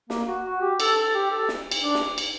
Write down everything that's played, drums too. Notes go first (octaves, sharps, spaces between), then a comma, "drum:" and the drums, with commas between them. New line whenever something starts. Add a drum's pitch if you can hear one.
A#3, drum: snare
F#4
F#4
G4
A4, drum: cymbal
A4
G4
A4
drum: snare
drum: cymbal
D4
drum: snare
drum: cymbal